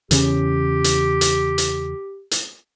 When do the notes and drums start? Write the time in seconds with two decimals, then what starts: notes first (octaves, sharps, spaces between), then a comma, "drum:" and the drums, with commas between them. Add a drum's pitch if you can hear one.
0.11 E2 C#3 C#4 G4, drum: hi-hat
0.84 drum: hi-hat
1.21 drum: hi-hat
1.58 drum: hi-hat
2.31 drum: hi-hat